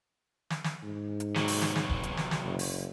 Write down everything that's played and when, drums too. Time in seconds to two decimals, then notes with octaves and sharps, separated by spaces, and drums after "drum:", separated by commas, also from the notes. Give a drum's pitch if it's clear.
0.50 drum: snare
0.64 drum: snare
0.83 G#2
1.20 drum: hi-hat
1.36 C3 F#3, drum: snare
1.48 drum: open hi-hat
1.62 drum: snare
1.76 drum: snare
1.89 drum: kick
2.03 drum: hi-hat
2.17 drum: snare
2.31 drum: snare
2.45 F#1
2.59 drum: open hi-hat